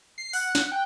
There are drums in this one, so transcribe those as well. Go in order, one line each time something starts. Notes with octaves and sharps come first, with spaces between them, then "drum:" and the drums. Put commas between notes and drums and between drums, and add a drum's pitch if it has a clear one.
C7
F#5 F#6, drum: open hi-hat
drum: snare
G5